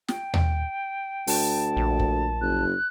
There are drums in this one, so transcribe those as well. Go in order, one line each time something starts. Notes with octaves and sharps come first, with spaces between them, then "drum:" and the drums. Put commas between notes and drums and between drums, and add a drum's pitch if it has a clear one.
G5, drum: snare
drum: tom D#2
D2 A5, drum: open hi-hat
A#1
drum: kick
F#1 F#6